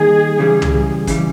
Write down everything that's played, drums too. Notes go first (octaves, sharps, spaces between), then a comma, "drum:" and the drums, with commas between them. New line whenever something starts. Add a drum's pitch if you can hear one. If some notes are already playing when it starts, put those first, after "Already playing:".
Already playing: D#3 G3 A#3 D#4 G#4
C#3 E3 G3
drum: tom
C#3 E3 G3, drum: kick, hi-hat